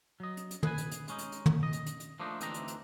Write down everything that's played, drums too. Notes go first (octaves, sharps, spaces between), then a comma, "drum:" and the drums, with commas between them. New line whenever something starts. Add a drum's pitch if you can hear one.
F#3 D#5
drum: hi-hat
drum: hi-hat
G#4 B4 G#5, drum: tom
drum: hi-hat
drum: hi-hat
G#3 C#4 D#4, drum: hi-hat
drum: hi-hat
drum: hi-hat
drum: tom
D#5
drum: hi-hat
drum: hi-hat
drum: hi-hat
F3 A3 A#3 D4 D#4
D2 E3 C4 D4 D#4 A#5, drum: hi-hat
drum: hi-hat
drum: hi-hat